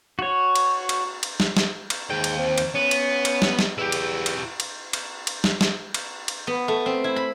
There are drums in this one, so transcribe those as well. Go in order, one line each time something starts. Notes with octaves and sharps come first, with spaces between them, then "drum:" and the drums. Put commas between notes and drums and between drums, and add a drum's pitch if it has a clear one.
F#4 C#5
drum: cymbal
drum: cymbal
drum: cymbal
drum: snare
drum: snare
drum: cymbal
D#2 G#2 G5
drum: cymbal
C4
drum: cymbal
B3 C#4
drum: cymbal
drum: cymbal
drum: snare
drum: snare
E2 E4 G4
drum: cymbal
drum: cymbal
drum: cymbal
drum: cymbal
drum: cymbal
drum: snare
drum: snare
drum: cymbal
drum: cymbal
B3
A3
C4
E4
B5